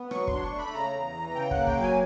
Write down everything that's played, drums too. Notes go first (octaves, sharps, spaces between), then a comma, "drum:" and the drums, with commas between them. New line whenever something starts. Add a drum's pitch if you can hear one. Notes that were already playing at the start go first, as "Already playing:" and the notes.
Already playing: B3
F#3 C#6, drum: rim click
C6, drum: kick
D4
C#6
A3
B5
C#3 A#5
E2
E3
C#3 G5
F#5, drum: kick
A#3
G5, drum: kick
F#3
G#5